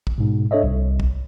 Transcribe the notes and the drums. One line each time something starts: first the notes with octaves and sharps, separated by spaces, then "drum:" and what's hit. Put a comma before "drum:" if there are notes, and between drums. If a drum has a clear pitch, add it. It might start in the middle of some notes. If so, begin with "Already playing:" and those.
drum: kick
G#2 B2
D4 A4 C#5 D#5 E5
C2
drum: kick